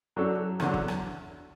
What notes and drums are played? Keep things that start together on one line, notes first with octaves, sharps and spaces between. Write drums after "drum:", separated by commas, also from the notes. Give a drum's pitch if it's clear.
F#2 F#3 D4 F#4 A4
E2 D3 F#3, drum: rim click
drum: kick
drum: rim click